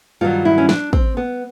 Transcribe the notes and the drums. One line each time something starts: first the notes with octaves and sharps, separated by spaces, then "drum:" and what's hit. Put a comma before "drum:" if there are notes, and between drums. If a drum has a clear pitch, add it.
G2 D#3 F#3 F4
E4
C#4
D4, drum: snare
C4, drum: kick
B3